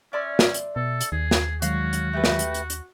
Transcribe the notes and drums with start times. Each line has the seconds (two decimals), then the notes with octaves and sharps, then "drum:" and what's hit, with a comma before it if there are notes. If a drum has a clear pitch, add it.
0.13 C#4 D5 E5 C6
0.39 drum: snare
0.54 drum: hi-hat
0.76 B2 A4
1.01 drum: hi-hat
1.12 D#2 G#4
1.31 drum: snare
1.62 D#3 F#3 G#3 F#4 C#5 F5, drum: hi-hat
1.93 drum: hi-hat
2.13 A3 G4 B4
2.24 drum: snare
2.39 drum: hi-hat
2.54 drum: hi-hat
2.70 drum: hi-hat